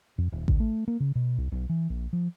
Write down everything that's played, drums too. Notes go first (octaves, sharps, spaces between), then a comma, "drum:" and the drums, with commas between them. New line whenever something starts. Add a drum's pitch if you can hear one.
F2
D#1
D2, drum: kick A1
A3
A#3
C#3
B2
C2
B1
E3
A#1
F3